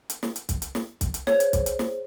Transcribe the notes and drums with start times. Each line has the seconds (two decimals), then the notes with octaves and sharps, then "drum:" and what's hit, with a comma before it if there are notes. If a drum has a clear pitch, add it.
0.10 drum: hi-hat
0.23 drum: snare
0.36 drum: hi-hat
0.49 drum: kick, hi-hat
0.62 drum: hi-hat
0.75 drum: snare
1.01 drum: kick, hi-hat
1.14 drum: hi-hat
1.27 G#4 C5 C#5, drum: snare
1.40 drum: hi-hat
1.53 drum: kick, hi-hat
1.66 drum: hi-hat
1.79 drum: snare